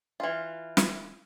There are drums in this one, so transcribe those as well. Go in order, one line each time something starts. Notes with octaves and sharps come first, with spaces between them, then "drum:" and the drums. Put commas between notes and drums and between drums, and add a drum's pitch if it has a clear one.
E3 F4
drum: snare